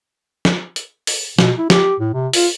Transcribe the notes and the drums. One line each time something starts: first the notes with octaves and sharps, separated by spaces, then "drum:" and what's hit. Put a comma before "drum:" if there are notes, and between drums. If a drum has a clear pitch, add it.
drum: snare
drum: hi-hat
drum: open hi-hat
B2, drum: snare
E4
G4, drum: snare
A2
C3
F4, drum: open hi-hat